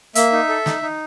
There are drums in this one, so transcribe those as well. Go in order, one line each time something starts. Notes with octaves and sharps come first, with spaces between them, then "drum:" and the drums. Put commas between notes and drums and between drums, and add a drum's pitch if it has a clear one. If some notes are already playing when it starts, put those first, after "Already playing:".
A#3 E5, drum: hi-hat
D#4
A4
D#4, drum: snare
D#4